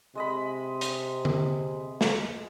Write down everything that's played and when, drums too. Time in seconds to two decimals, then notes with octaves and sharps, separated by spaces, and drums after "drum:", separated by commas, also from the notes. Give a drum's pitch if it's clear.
0.15 C3 G#3 D#5 B5
0.81 drum: hi-hat
1.25 drum: tom D3
2.01 drum: snare